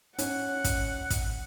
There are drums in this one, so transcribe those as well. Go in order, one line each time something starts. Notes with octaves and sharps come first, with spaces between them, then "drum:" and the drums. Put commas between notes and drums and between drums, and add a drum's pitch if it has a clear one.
C#4 F#5, drum: hi-hat
drum: kick, hi-hat
drum: kick, hi-hat